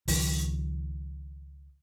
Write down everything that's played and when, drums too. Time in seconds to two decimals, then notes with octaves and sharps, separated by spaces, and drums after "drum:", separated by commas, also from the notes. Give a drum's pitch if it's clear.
0.08 C#2 D#3 F3, drum: open hi-hat